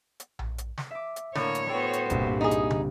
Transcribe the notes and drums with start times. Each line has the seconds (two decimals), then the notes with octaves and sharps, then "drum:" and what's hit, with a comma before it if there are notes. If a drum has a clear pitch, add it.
0.20 drum: hi-hat
0.39 drum: tom A#1
0.58 drum: hi-hat
0.78 drum: snare
0.91 E5 D6
1.16 drum: hi-hat
1.35 A2 D3 A#3 C#5, drum: snare
1.55 drum: hi-hat
1.69 B3 F#4 A4 C5 G5
1.93 drum: hi-hat
2.10 C2 G2 A#2, drum: kick D1, hi-hat
2.41 D#4 G#4
2.51 drum: hi-hat
2.71 drum: tom